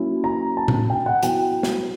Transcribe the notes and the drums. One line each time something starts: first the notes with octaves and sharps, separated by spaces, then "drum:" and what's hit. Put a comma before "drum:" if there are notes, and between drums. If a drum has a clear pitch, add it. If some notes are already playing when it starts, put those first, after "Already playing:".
Already playing: F#3 A#3 C#4 E4
A#5
A5
drum: tom A2
G5
F#5
F#3 B3 E4 G5, drum: hi-hat
drum: snare